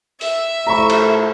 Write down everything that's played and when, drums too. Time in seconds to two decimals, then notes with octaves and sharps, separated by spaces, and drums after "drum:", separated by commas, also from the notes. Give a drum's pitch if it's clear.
0.21 E5, drum: open hi-hat
0.67 A2 F3 A3 A#5 B5 C#6
0.90 drum: cymbal